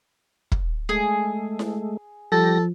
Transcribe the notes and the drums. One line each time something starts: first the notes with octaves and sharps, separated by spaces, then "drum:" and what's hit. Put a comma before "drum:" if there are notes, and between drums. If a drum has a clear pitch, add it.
drum: kick
G#3 A3 G#4
drum: snare E4
F3 G3 G4 A4 A#6